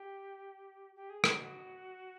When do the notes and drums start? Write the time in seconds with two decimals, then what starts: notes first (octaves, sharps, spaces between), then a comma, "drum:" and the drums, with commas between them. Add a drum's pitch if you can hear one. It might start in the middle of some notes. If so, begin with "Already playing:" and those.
Already playing: G4
0.96 G4
1.10 G#4
1.24 G4, drum: rim click
1.38 F#4